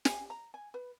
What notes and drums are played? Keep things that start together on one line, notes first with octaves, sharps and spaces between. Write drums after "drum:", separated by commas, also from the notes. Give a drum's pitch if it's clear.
G#5, drum: snare
A#5
G#5
B4